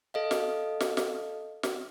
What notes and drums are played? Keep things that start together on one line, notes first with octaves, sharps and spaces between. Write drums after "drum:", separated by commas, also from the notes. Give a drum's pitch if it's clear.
A4 D#5 F5
drum: snare
drum: snare
drum: snare
drum: snare